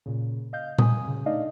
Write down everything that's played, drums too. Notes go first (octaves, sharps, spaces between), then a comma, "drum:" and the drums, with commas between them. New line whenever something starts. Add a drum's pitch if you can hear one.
A#2 C#3
D#5 F5 G6
G#5 D#6, drum: tom A#2
C#3
A3 D4 D#4 D5 D#5 F5